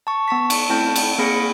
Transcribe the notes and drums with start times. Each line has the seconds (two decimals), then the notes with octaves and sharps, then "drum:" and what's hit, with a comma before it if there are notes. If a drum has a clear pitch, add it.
0.07 A5 C#6
0.28 B3 A5 C#6 B6
0.50 drum: cymbal
0.69 A3 C4 E4 A5 G6
0.96 drum: cymbal
1.18 A#3 C4 G#4 B5 A#6 C#7